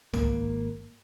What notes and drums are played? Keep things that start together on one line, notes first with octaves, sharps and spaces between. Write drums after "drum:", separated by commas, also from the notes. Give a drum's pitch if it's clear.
G#1 A#3, drum: tom